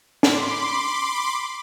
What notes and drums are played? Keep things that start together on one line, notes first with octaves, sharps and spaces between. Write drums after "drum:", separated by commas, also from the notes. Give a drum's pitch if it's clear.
B5 C6 D6, drum: snare